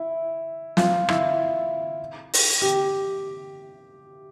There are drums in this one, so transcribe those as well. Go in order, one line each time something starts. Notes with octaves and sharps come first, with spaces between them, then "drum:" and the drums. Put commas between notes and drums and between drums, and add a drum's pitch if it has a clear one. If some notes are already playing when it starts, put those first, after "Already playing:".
Already playing: E4
F4, drum: snare
E4, drum: rim click
drum: open hi-hat
G4